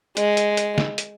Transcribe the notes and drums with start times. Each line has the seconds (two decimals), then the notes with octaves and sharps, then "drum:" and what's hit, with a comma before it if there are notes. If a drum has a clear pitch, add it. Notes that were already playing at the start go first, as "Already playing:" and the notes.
0.17 G#3, drum: hi-hat
0.37 drum: hi-hat
0.57 drum: hi-hat
0.78 drum: snare
0.98 drum: hi-hat